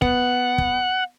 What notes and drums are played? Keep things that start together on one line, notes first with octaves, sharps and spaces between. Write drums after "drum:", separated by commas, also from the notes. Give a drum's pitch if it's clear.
B3 F#5, drum: kick
drum: kick